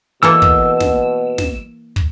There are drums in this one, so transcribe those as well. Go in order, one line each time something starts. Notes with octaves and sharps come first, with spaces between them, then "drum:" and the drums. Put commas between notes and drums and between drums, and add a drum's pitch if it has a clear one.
B2 E3 A#3 A4 E6
drum: kick
drum: snare
drum: snare
drum: kick